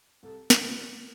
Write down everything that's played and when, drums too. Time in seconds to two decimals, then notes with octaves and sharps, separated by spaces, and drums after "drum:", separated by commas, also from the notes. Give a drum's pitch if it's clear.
0.23 C2 A4
0.50 drum: snare
0.64 A#2 G3 D4 F4